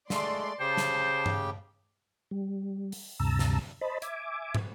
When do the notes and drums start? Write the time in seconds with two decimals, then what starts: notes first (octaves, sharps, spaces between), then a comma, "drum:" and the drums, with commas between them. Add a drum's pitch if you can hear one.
0.10 G#3 A3 D5 C6, drum: snare
0.60 C#3 G4 C5 G5 A5
0.77 drum: snare
1.26 drum: tom G2
2.31 G3
2.92 drum: open hi-hat
3.20 D2 G2 C3 A5 A#5 E6
3.39 drum: snare
3.81 C5 D#5 A5 B5
4.02 E5 G#5 D6, drum: hi-hat
4.55 drum: tom